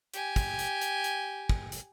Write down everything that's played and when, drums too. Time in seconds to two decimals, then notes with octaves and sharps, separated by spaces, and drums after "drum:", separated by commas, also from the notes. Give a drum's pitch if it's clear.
0.14 G4 G#5, drum: hi-hat
0.36 drum: kick, hi-hat
0.59 drum: hi-hat
0.82 drum: hi-hat
1.04 drum: hi-hat
1.49 drum: kick
1.72 drum: hi-hat